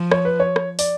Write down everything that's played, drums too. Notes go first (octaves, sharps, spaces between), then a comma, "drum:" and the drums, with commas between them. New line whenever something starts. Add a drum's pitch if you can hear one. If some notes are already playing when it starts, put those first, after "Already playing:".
Already playing: F3
C#5, drum: rim click
B4
C#5
drum: rim click
D5, drum: open hi-hat